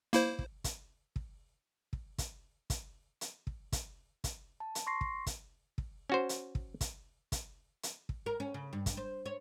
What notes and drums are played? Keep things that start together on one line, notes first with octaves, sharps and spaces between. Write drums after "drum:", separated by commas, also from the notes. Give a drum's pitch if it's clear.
A#3 E4 C5, drum: hi-hat
drum: kick
drum: kick, hi-hat
drum: kick
drum: kick
drum: kick, hi-hat
drum: kick, hi-hat
drum: hi-hat
drum: kick
drum: kick, hi-hat
drum: kick, hi-hat
A5
drum: hi-hat
C6 C#6 A#6 C7
drum: kick
drum: kick, hi-hat
drum: kick
C#4 F#4 C5
drum: hi-hat
drum: kick
drum: kick, hi-hat
drum: kick, hi-hat
drum: hi-hat
drum: kick
A#4
C#4
C#3
G2
drum: kick, hi-hat
C5
C#5